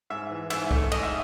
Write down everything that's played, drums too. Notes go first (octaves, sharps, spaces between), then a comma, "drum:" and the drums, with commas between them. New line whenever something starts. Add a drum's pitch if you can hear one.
G#2 E5
E3
G#2 E5, drum: cymbal
A3, drum: kick
G#2 D#5, drum: cymbal
E5